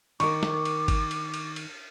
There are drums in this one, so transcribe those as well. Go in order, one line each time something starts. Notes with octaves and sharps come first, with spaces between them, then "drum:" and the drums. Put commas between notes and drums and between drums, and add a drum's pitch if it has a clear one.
D#3 A#4 C#6 D6, drum: cymbal
drum: snare
drum: cymbal
drum: kick G#1, cymbal
drum: cymbal
drum: cymbal
drum: cymbal